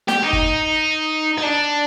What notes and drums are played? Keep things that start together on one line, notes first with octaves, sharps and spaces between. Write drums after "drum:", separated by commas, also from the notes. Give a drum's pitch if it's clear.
G4, drum: snare
D#4
drum: kick F#1
D#4
D4